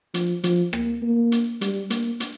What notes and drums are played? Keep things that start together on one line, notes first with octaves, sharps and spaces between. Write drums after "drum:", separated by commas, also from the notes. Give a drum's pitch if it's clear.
F3, drum: hi-hat
F3, drum: hi-hat
A#3, drum: rim click
A#3
drum: hi-hat
G3, drum: hi-hat
A#3, drum: hi-hat
drum: hi-hat